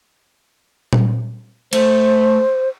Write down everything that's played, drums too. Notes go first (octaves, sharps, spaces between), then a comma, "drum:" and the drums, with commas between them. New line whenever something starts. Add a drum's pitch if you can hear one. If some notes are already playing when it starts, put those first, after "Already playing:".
drum: tom A#2
A3 C5, drum: cymbal